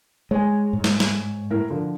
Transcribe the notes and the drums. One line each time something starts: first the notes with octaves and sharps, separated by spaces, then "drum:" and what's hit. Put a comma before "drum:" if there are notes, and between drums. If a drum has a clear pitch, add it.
G#3 C#5 G#5
G#2
drum: snare
drum: snare
A2 A#4
D3 F3